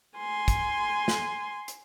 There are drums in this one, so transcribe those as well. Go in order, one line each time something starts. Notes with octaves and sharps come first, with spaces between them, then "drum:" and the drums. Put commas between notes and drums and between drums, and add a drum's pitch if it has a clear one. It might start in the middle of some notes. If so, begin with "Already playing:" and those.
G#5 C6
drum: kick, hi-hat
drum: snare
drum: hi-hat